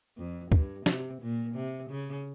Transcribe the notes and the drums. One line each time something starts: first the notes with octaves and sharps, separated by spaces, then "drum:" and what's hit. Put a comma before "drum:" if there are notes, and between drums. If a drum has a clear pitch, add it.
F2
G2, drum: kick
C3, drum: snare
A#2
C3
C#3